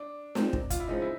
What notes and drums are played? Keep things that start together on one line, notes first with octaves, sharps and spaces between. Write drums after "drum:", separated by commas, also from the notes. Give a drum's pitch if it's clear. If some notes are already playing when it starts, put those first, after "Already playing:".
Already playing: D4
F3 G#3 C4 D#4, drum: snare
drum: kick
F4, drum: kick, hi-hat
E4
C#3 F3 G#3 C#4 D#4
E4